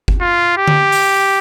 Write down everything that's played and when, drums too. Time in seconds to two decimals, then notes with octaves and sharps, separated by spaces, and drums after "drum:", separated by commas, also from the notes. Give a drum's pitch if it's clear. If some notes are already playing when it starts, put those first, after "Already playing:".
0.08 drum: kick G1
0.21 F4
0.57 G4
0.68 drum: tom D3
0.92 drum: open hi-hat